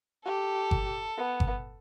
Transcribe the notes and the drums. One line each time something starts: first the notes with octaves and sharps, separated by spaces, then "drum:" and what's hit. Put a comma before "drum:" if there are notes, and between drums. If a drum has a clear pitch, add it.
G4 A4
drum: kick G1
B3
drum: kick G1